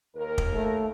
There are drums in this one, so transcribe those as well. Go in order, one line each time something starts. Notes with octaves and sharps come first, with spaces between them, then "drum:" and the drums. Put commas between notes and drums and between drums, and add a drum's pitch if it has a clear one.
D#2 A#4
drum: kick
A3